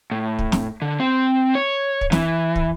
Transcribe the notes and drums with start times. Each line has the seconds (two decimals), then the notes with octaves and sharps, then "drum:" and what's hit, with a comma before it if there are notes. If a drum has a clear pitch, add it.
0.11 A2
0.39 drum: kick
0.52 drum: snare
0.82 D3
1.00 C4
1.55 C#5
2.01 drum: kick
2.12 E3, drum: snare
2.56 drum: kick